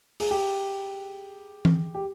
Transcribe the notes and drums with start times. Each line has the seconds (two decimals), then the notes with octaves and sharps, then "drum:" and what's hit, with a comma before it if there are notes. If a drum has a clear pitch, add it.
0.20 G#4, drum: open hi-hat
0.31 G4
1.65 drum: tom E3
1.94 G4